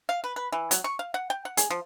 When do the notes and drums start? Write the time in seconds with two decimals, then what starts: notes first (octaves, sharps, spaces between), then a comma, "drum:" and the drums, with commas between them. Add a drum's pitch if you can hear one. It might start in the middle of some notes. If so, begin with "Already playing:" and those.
0.09 F5
0.24 B4
0.36 B4
0.52 E3
0.71 F#3, drum: hi-hat
0.84 C#6
0.99 F5
1.14 F#5
1.30 G5
1.45 F#5
1.57 G#4, drum: hi-hat
1.70 F3